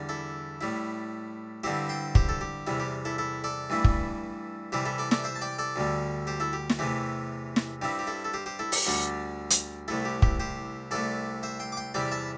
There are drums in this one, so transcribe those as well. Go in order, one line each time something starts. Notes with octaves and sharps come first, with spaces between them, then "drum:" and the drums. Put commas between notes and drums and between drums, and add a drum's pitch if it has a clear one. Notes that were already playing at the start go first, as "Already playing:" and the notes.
Already playing: E2 D3 G3 D4
E4 A4
A2 G3 E4
G2 D3 C4 E4 G4 C5
G5 C6
G4 C5, drum: kick
A4
G4
E2 C3 G3 E4
G4
E4 A4
E4 A4
A4 D5
G2 E3 A3 E4
drum: kick
C3 E3 G3 E4 G4 C5
E4 A4
A4 D5
A4 D5, drum: snare
C5 E5
A5
D5 G5
A4 D5
D2 D3 G3
G4 C5
E4 A4
G4
drum: snare
E2 C3 E3 A3 G4
drum: snare
G2 G3 C4 E4 G4
G4
E4 A4
A4
G4 C5
G4 C5
E4 A4
G4, drum: open hi-hat
D2 D3 G3 D4
drum: hi-hat
C2 C3 A3 E4 A4
G4
G4, drum: kick
G4 C5
C2 C3 A3 A4 D5
C5 E5
G5 C6
D6
G5 C6
E2 C3 G3 E4 D5 G5
E5 A5